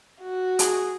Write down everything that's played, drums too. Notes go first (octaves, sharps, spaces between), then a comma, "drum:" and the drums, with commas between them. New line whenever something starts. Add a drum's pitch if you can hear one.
F#4
G#4, drum: hi-hat